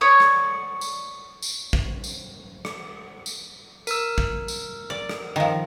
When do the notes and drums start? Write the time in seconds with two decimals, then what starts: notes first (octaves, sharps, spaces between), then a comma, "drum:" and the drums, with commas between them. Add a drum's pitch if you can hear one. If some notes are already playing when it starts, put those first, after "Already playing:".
0.01 C#5 D5 D#6
0.20 drum: rim click
0.81 drum: tambourine
1.43 drum: tambourine
1.73 drum: kick
2.04 drum: tambourine
2.65 drum: rim click
3.26 drum: tambourine
3.87 A#4 E6, drum: tambourine
4.18 drum: kick
4.48 drum: tambourine
4.90 D5
5.09 drum: rim click
5.36 D#3 F3